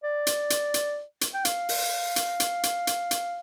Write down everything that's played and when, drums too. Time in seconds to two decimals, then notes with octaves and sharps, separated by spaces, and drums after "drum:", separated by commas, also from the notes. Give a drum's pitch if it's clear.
0.03 D5
0.27 drum: hi-hat
0.50 drum: hi-hat
0.74 drum: hi-hat
1.21 drum: hi-hat
1.34 G5
1.45 F5, drum: hi-hat
1.69 drum: open hi-hat
2.16 drum: hi-hat
2.40 drum: hi-hat
2.63 drum: hi-hat
2.87 drum: hi-hat
3.11 drum: hi-hat